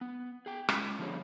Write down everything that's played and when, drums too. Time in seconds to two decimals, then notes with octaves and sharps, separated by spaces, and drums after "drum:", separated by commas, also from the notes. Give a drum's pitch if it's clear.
0.01 B3
0.46 G#4 G5
0.69 G#3 C#4, drum: rim click
0.99 D3 F3 G3 B3 G#4 C#5